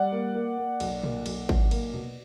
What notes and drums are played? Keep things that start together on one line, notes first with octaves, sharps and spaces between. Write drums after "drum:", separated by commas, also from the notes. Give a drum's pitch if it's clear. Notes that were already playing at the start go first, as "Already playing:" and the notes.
Already playing: G3 D5 F#5
A#3
A#3
A#3
B1, drum: cymbal
A#3, drum: tom A#2
B1, drum: cymbal
B1, drum: kick G#1
A#3, drum: cymbal
B2